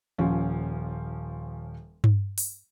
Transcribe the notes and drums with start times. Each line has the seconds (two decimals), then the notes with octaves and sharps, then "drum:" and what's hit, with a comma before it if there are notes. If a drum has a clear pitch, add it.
0.18 D#1 F3 C#4
2.04 drum: tom G2
2.38 drum: open hi-hat